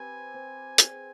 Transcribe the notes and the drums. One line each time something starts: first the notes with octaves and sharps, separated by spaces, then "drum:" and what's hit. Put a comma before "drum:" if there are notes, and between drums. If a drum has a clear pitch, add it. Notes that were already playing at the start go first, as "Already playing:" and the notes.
Already playing: C4 G4 B4 G#5
C4
G#4, drum: hi-hat